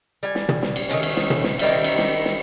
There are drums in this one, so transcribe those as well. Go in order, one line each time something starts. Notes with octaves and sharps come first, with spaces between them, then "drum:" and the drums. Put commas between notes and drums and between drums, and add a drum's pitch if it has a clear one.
G3 G#5
drum: snare
drum: tom
drum: snare
drum: cymbal
D#3 A3 A#3 C#4
drum: cymbal
drum: snare
drum: tom
drum: snare
D#3 G3 E5, drum: cymbal
drum: cymbal
drum: snare
drum: snare